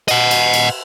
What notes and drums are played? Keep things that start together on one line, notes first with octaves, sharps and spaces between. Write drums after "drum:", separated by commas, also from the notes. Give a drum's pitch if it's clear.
D#5 F#5, drum: cymbal
drum: cymbal
drum: cymbal